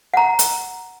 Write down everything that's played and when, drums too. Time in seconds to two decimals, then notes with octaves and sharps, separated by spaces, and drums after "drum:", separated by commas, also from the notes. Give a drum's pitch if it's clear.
0.14 F#5 A#5
0.39 drum: hi-hat